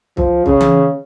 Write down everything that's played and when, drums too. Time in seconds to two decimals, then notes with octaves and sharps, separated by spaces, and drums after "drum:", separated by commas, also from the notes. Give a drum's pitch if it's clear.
0.17 F3, drum: kick C2
0.46 C#3, drum: kick C2
0.61 drum: tom E3